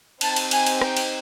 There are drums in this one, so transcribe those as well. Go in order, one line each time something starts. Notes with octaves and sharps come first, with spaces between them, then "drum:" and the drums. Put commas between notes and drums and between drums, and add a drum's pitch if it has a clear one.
C4 D#4 G4 A5, drum: cymbal
drum: cymbal
G#5, drum: cymbal
drum: cymbal
G5, drum: rim click
drum: cymbal